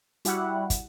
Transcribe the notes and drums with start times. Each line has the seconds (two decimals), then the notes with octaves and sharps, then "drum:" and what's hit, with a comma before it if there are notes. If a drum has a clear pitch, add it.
0.25 G3 E4 F#4 F#5, drum: hi-hat
0.70 drum: kick, hi-hat